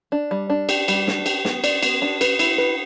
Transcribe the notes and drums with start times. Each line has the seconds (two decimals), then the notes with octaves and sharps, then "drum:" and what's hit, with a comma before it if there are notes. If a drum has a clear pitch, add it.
0.12 D4
0.31 G3
0.50 D4
0.69 G4, drum: cymbal
0.88 G3, drum: cymbal
1.07 D4, drum: snare
1.26 G4, drum: cymbal
1.45 B3, drum: snare
1.64 D5, drum: cymbal
1.83 B3, drum: cymbal
2.02 D4
2.21 B4, drum: cymbal
2.39 E4, drum: cymbal
2.58 B4